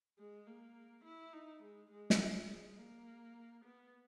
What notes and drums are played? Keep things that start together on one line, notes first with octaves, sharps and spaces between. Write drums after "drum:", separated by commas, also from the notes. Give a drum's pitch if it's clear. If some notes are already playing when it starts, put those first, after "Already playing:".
G#3
A#3
E4
D#4
G#3
G#3
drum: snare
G#3
G#3
A#3
B3